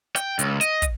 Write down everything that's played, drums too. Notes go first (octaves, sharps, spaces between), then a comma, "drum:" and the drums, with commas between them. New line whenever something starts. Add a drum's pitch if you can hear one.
G5, drum: hi-hat
C#2, drum: hi-hat
D#5, drum: hi-hat
drum: kick, hi-hat